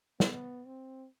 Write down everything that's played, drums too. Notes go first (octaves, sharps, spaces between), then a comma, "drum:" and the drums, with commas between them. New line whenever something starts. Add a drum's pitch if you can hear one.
B3, drum: snare
C4